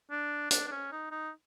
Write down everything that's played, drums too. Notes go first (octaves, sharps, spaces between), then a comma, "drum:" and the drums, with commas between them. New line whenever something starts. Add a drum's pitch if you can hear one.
D4
D4, drum: hi-hat
D4
C#4
D#4
D#4